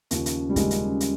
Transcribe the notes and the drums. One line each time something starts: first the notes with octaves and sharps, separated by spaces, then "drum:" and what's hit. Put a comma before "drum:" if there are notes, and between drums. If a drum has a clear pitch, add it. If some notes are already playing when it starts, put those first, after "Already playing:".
D#2 C#3 F3, drum: hi-hat
drum: hi-hat
G3
D#2 C#3 F3 G#3, drum: kick, hi-hat
drum: hi-hat
drum: hi-hat